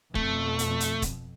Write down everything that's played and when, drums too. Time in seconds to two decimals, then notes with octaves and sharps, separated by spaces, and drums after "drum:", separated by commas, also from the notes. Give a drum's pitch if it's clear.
0.15 F2 B2 A3, drum: kick
0.59 drum: hi-hat
0.80 drum: hi-hat
1.02 drum: kick, hi-hat